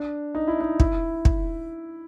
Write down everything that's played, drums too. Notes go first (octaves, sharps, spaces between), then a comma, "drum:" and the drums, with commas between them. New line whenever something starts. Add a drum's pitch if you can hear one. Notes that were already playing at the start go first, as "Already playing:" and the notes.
Already playing: D4
D#4
E4
D#4
E4, drum: kick
drum: kick